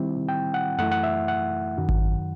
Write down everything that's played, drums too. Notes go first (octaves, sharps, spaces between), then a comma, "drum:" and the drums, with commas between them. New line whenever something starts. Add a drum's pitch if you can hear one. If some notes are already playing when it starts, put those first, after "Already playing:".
Already playing: D#3 G3 C4 E4
G5
F#5
F#2 E3 A3 E4 F#5
F#5
E5
F#5
F#2 D#3 F#3
drum: kick G#1